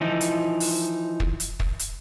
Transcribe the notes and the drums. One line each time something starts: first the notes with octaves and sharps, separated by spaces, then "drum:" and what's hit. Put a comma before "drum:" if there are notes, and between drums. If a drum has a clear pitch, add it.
E3 F3 D#4
drum: hi-hat
drum: open hi-hat
drum: kick
drum: hi-hat
drum: kick
drum: hi-hat